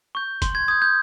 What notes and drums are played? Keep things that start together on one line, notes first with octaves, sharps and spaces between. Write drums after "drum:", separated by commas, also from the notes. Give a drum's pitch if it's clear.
C#6 G6
C6, drum: kick, hi-hat
G#6
D#6 G6 G#6
G6